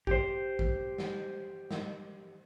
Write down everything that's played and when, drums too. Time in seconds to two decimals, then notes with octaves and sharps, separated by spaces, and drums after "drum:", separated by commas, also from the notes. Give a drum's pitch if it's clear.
0.07 G4 C5, drum: kick
0.59 drum: kick
0.98 drum: snare
1.71 drum: snare